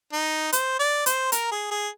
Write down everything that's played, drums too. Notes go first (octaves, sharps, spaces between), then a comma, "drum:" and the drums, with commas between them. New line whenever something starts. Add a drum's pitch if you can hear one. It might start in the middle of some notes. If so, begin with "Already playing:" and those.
D#4
C5, drum: hi-hat
D5
C5, drum: hi-hat
A#4, drum: hi-hat
G#4
G#4